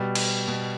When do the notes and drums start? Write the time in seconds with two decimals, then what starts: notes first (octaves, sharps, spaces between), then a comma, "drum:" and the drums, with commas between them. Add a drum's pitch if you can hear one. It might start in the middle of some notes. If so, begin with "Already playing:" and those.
Already playing: B2 G3
0.15 drum: cymbal
0.48 B2